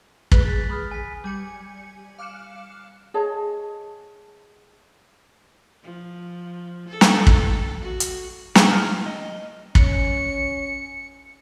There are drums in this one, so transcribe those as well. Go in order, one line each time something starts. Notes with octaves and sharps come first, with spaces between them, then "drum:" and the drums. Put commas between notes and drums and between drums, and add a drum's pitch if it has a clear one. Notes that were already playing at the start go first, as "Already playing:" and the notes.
G#2 G#3 B4 F#6 B6 G7, drum: kick
G#4 A6 B6
B5 D#6 F6
G#5 B6
G3 G#5 C#7
F5 D6 F6 F#6 C#7 E7
G#4 C#5 D#5 A5
F3
A4
drum: snare
drum: kick
F#4
drum: hi-hat
G#4, drum: snare
F6
D#5
C#4 C#7, drum: kick